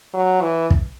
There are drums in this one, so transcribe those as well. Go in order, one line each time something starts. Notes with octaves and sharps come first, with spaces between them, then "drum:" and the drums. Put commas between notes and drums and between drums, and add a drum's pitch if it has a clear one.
F#3
E3
drum: kick